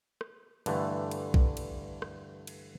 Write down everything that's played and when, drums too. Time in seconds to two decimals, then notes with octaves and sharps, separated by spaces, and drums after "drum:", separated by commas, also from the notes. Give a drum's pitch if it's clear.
0.21 drum: rim click
0.66 G2 D3 E3 A3, drum: cymbal
1.11 drum: cymbal
1.34 drum: kick B1
1.57 drum: cymbal
2.02 drum: rim click
2.47 drum: cymbal